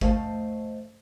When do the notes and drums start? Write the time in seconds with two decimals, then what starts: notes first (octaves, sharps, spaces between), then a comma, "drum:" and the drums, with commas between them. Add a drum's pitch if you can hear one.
0.01 A3 C5 D#5 F5 A5, drum: kick G#1